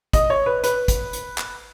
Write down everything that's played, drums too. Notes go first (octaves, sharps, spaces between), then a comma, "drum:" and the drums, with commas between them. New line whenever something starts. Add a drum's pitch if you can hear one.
D#5, drum: kick, hi-hat
C#5
B4
B4, drum: hi-hat
drum: kick, hi-hat
drum: hi-hat
drum: clap